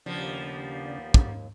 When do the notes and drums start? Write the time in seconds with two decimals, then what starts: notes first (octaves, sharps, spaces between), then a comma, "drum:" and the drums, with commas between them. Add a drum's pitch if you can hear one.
0.06 D#2 C#3 F3 A#3 B3 D4 G4 D5
1.14 drum: kick